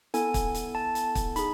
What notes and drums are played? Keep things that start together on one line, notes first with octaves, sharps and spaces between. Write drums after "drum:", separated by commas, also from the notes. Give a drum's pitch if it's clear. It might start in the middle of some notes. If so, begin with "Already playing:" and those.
B3 E4 A4 G#5, drum: hi-hat
drum: kick, hi-hat
drum: hi-hat
A5
drum: hi-hat
drum: kick, hi-hat
D#4 G#4 B5, drum: hi-hat